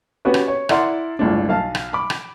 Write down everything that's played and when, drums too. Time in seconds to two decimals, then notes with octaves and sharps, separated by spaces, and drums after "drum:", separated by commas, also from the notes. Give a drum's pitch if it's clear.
0.25 B3 C#4 F#4 G4 B4
0.34 drum: rim click
0.48 C#5
0.69 E4 A#4 D5 F#5 C6, drum: rim click
1.19 G1 C#2 A2 D4
1.49 B1 F5 A5
1.75 drum: rim click
1.93 B5 D6
2.10 drum: rim click